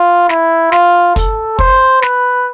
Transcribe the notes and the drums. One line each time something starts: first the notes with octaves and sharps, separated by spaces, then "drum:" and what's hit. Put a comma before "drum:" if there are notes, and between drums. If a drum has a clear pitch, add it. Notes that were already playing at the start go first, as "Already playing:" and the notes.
Already playing: F4
E4, drum: snare
F4, drum: snare
A4, drum: kick, hi-hat
C5, drum: kick
B4, drum: snare